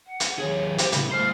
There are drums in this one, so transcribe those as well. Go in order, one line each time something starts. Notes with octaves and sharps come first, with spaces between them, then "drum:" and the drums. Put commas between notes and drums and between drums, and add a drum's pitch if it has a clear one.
F#5
drum: hi-hat
D#2 G#4 C#5
G4 C5, drum: hi-hat
A2 C#3 B5, drum: hi-hat
A2 C5 F6 C7